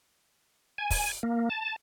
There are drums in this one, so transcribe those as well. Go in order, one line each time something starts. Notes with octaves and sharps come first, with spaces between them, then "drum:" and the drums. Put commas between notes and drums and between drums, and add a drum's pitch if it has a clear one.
G#5
drum: kick, open hi-hat
A#3
A5